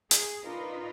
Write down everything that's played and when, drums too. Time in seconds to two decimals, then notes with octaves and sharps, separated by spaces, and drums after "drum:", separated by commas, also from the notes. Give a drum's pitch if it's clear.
0.11 G#4, drum: hi-hat
0.44 D4 D#4 F4 A#4 B4 D#5